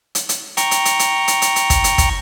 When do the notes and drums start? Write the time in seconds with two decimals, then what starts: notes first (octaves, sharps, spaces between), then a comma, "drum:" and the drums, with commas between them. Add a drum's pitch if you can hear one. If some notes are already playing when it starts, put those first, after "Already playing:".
0.15 drum: hi-hat
0.29 drum: hi-hat
0.57 G5 A#5 C#6, drum: hi-hat
0.71 drum: hi-hat
0.85 drum: hi-hat
0.99 drum: hi-hat
1.28 drum: hi-hat
1.42 drum: hi-hat
1.56 drum: hi-hat
1.70 drum: kick, hi-hat
1.84 drum: hi-hat
1.98 drum: kick, hi-hat